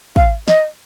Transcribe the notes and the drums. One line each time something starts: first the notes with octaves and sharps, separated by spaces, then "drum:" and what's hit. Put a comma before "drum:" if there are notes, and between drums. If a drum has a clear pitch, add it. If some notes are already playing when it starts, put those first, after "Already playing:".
F5, drum: kick
D#5, drum: snare